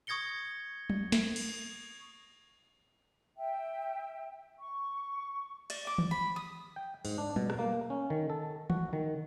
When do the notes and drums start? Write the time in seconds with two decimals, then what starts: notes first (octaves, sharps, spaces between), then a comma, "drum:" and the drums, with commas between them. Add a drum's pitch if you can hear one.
0.07 C#6 D#6 G#6 A#6 C#7 G7
0.90 drum: tom
1.12 drum: snare
1.36 drum: cymbal
3.37 E5 G5
4.59 C#6
5.70 D5, drum: cymbal
5.87 D6
5.98 drum: tom D#3
6.11 B5
6.36 D#6
6.76 G5
7.05 G#2, drum: open hi-hat
7.18 D4
7.36 B2, drum: tom
7.50 drum: rim click
7.59 A#3
7.90 C#4
8.10 D#3
8.30 A4
8.70 F#4, drum: tom D#3
8.93 D#3